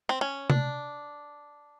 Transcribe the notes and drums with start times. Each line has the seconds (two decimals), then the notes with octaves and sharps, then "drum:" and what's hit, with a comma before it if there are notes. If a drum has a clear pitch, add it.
0.09 C4
0.21 C#4
0.50 D4, drum: tom C3